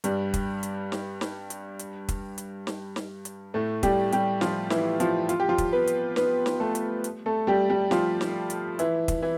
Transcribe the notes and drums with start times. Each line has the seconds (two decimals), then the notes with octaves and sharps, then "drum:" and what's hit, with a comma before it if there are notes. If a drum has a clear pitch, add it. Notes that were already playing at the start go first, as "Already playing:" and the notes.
0.04 G2 G3, drum: hi-hat
0.34 drum: kick, hi-hat
0.63 drum: hi-hat
0.92 drum: snare
1.21 drum: snare
1.50 drum: hi-hat
1.79 drum: hi-hat
2.09 drum: kick, hi-hat
2.38 drum: hi-hat
2.67 drum: snare
2.96 drum: snare
3.25 drum: hi-hat
3.54 A2 A3
3.83 G3 G4, drum: kick, hi-hat
4.12 G3 G4, drum: hi-hat
4.41 F3 F4, drum: snare
4.70 E3 E4, drum: snare
5.00 F3 F4, drum: hi-hat
5.29 F4, drum: hi-hat
5.40 G4
5.48 F3 F4
5.58 drum: kick, hi-hat
5.73 B3 B4
5.87 drum: hi-hat
6.16 B3 B4, drum: snare
6.46 drum: snare
6.60 A3 A4
6.75 drum: hi-hat
7.04 drum: hi-hat
7.26 A3 A4
7.47 G3 G4
7.70 G3 G4
7.91 F3 F4, drum: snare
8.21 drum: snare
8.50 drum: hi-hat
8.79 E3 E4, drum: hi-hat
9.08 drum: kick, hi-hat
9.22 E3 E4